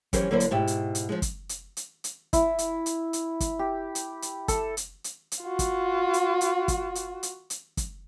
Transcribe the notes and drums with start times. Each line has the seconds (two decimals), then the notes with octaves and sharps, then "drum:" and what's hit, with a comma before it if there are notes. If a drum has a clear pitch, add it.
0.13 E3 F#3 C#4 G4 A#4 C5, drum: kick, hi-hat
0.31 D3 F#3 A#3 E4 A#4 C5
0.40 drum: hi-hat
0.51 G#2 B2 E4 G4
0.67 drum: hi-hat
0.95 drum: hi-hat
1.09 F3 F#3 G#3
1.22 drum: kick, hi-hat
1.49 drum: hi-hat
1.77 drum: hi-hat
2.04 drum: hi-hat
2.33 E4, drum: kick, hi-hat
2.59 drum: hi-hat
2.86 drum: hi-hat
3.13 drum: hi-hat
3.40 drum: kick, hi-hat
3.59 G4
3.95 drum: hi-hat
4.22 drum: hi-hat
4.48 A4, drum: kick, hi-hat
4.77 drum: hi-hat
5.04 drum: hi-hat
5.32 drum: hi-hat
5.43 F4 F#4
5.59 drum: kick, hi-hat
6.13 drum: hi-hat
6.41 drum: hi-hat
6.68 drum: kick, hi-hat
6.95 drum: hi-hat
7.23 drum: hi-hat
7.50 drum: hi-hat
7.77 drum: kick, hi-hat